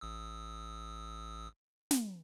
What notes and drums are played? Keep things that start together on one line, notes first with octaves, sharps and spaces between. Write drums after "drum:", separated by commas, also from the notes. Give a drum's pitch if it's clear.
A1 D#6 E6
drum: snare